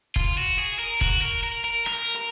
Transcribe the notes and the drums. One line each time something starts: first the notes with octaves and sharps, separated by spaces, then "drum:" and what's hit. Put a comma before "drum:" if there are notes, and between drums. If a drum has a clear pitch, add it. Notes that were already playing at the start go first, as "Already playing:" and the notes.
F4, drum: kick E1
F#4
G#4
A#4
F#4, drum: kick E1, hi-hat
A#4
A#4
A#4
A#4, drum: rim click
drum: hi-hat